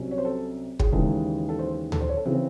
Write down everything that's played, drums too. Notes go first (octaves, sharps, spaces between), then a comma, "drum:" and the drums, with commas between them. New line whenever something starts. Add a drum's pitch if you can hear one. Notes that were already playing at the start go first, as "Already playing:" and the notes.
Already playing: C2 C3 F#3 C#4
C#5
C5
A4
G#4, drum: kick
D#2 C#3 E3 G#3 A4
A4
C5
A4, drum: tom D2
C5
C#5
A4
C#3 E3 C4 G#4